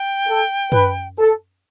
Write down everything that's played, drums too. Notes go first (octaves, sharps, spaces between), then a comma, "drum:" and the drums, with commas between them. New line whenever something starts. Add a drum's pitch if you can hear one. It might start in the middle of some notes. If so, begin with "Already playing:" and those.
Already playing: G5
A4
B4, drum: tom F#2
A4